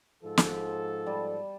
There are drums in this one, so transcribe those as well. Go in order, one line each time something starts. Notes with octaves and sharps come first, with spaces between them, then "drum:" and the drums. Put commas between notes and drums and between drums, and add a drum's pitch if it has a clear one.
G#2 F3 A4
drum: snare
G3 A5